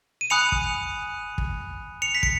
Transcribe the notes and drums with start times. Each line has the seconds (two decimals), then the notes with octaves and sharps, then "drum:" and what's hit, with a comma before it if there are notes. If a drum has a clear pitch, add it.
0.21 D#7
0.30 G#5 B5 D#6 F#6 C#7 F7
0.52 drum: kick
1.38 drum: kick
2.02 C#7 F7
2.15 B6
2.23 C#7, drum: kick